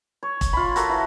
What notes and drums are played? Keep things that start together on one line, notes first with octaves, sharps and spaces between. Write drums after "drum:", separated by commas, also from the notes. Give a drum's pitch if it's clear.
C#5
drum: kick E1, hi-hat
F4 B5
F#4 A4 A#4, drum: hi-hat
E3